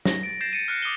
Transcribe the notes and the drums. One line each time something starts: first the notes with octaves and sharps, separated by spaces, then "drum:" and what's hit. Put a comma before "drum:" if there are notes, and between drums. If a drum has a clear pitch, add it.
A#6, drum: snare
A6 D7
G6 A6 A#6 C7 E7
A6 C#7 D#7
F6 F#6 C#7
D6 D#6 D#7 G7